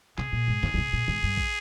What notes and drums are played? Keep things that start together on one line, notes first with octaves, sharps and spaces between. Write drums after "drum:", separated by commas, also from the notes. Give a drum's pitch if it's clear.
C3 G#4, drum: clap
A#2
G#2
D3, drum: snare
D3
C3
A#2
G#2, drum: tom D#3
G2
drum: kick